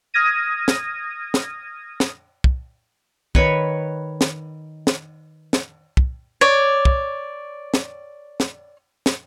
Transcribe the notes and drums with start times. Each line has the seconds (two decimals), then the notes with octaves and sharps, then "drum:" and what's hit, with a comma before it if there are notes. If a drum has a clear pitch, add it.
0.14 D#6 F6 G#6 A#6 D#7
0.68 drum: snare
1.34 drum: snare
2.00 drum: snare
2.44 drum: kick
3.35 D#3 B4 C#5 B5, drum: kick
4.21 drum: snare
4.87 drum: snare
5.53 drum: snare
5.97 drum: kick
6.41 C#5 D5
6.85 drum: kick
7.74 drum: snare
8.40 drum: snare
9.06 drum: snare